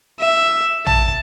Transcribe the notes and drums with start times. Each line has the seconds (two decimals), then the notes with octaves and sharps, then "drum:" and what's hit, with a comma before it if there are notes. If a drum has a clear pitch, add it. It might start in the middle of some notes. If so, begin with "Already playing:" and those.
0.20 E5
0.86 A5, drum: tom